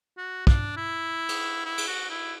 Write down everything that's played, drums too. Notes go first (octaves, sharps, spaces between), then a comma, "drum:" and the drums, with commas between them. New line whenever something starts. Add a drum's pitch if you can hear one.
F#4
D4, drum: kick
E4
drum: cymbal
E4
drum: cymbal
F#4
E4